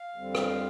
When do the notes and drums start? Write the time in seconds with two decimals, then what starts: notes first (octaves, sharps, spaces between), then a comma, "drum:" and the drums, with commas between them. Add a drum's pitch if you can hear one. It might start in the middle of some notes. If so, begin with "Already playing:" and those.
Already playing: F5
0.16 F2 D3 G3 C4
0.35 drum: rim click